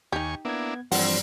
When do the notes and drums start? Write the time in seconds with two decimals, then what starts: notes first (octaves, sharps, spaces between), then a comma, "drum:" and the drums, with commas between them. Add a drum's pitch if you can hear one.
0.12 D#2 D#4 G4 G#5 C#6
0.45 A#3 B3 D4 E4 G#6
0.92 G2 E3 F3 G3 C4 F#5, drum: open hi-hat